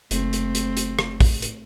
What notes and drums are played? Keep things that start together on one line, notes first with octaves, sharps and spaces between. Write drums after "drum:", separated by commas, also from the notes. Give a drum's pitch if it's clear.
F#1 A3 C4, drum: hi-hat
drum: hi-hat
drum: hi-hat
drum: hi-hat
drum: rim click
drum: kick, open hi-hat
drum: hi-hat